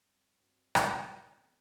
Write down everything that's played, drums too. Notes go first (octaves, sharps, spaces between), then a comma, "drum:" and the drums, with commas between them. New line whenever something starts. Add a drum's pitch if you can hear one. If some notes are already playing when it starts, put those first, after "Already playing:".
Already playing: G2 F#3 C4 F#4 C5
G2 F#3 C4 F#4 C5
drum: rim click
E1 E2 D3 A3 C4